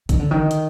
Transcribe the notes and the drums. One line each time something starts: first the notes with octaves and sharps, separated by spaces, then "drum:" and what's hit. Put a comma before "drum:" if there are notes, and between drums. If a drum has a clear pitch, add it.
D#3, drum: kick, hi-hat
D3
D#3
drum: hi-hat